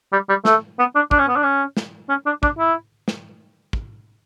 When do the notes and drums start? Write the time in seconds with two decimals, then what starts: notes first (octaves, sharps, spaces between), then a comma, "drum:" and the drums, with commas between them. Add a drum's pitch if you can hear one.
0.13 G3
0.29 G3
0.45 A3, drum: snare
0.79 B3
0.95 D4
1.11 D4, drum: kick
1.19 C#4
1.28 B3
1.36 D4
1.43 C#4
1.77 drum: snare
2.09 C#4
2.26 D4
2.43 D4, drum: kick
2.59 E4
3.08 drum: snare
3.73 drum: kick